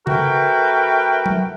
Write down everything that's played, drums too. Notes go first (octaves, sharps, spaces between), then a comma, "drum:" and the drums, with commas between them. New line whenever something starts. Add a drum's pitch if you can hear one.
A3 F#4 A#4 B4 G5, drum: tom C#3
drum: tom